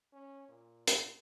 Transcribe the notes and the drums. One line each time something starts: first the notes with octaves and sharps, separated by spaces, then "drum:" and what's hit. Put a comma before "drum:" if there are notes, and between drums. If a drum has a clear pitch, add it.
C#4
A#2
A#2, drum: hi-hat